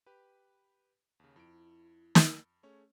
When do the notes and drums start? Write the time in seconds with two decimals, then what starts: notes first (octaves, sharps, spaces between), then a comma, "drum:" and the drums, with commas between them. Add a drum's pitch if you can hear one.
0.06 G4 B4
1.20 D#2 C#3
1.36 F2 E4 D7
2.15 drum: snare
2.63 A3 C#4 G#4 C#5